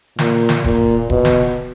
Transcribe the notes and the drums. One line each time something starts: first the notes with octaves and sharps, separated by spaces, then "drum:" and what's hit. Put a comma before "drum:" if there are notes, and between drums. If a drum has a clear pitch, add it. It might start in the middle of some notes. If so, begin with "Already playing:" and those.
A#2, drum: snare
drum: snare
A#2, drum: kick D#1
B2, drum: kick D#1
drum: snare